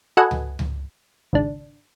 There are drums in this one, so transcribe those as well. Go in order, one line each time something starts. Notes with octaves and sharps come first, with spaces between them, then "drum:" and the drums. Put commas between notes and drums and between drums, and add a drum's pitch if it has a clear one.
F#4 A4 B4 D#5 F#5 G#5
drum: tom C#2
drum: tom C#2
G#1 C#2 D4